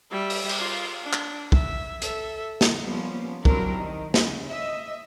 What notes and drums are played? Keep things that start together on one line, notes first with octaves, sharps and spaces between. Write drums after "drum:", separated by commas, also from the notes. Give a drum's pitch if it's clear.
G3 E5
drum: open hi-hat
drum: cymbal
F4 F5
D4
drum: clap
E5, drum: kick
A4 E5, drum: hi-hat
drum: snare
F3 G3 A#3 B3 C#4
F#3 G3 C4 D4 E4 A#4, drum: kick
D#3
C#3, drum: snare
D#5 E5